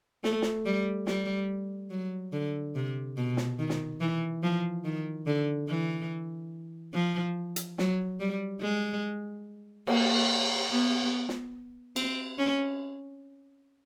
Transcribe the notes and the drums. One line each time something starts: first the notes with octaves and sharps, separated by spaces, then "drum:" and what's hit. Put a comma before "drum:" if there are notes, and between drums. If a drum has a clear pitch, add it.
A3, drum: snare
drum: snare
G3
G3, drum: snare
F#3
D3
C3
B2
drum: snare
D#3
drum: snare
E3
F3
D#3
D3
E3
F3
drum: hi-hat
F#3, drum: snare
G3
G#3
A#3, drum: cymbal
B3
drum: snare
C4, drum: cymbal
C#4